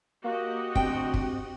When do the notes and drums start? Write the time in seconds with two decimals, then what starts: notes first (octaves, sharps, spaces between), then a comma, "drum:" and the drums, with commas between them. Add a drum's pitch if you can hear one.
0.24 A#3 F#4 G4 D#5
0.75 D2 C4 G5, drum: kick
1.14 drum: kick